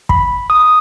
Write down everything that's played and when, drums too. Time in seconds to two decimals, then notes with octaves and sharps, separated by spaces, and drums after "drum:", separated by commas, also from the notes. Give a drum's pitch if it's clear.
0.09 B5, drum: kick
0.50 D#6